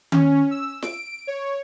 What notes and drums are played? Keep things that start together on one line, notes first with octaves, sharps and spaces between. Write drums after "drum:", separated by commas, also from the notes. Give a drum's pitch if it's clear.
C#4, drum: tom D#3
E6
D7, drum: snare
C#5